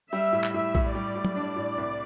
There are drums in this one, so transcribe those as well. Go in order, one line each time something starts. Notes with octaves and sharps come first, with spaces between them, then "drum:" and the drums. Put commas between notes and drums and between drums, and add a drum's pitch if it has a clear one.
G3 E5
A2
drum: clap
A2 E5
A2, drum: kick A#1
G3 D5
A2
drum: tom F#3
D4
A2
C2